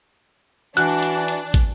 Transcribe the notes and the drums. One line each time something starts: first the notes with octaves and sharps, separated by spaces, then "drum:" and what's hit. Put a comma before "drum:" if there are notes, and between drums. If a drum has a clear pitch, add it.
E3 D4 F#4 F#6, drum: hi-hat
drum: hi-hat
drum: hi-hat
drum: kick, hi-hat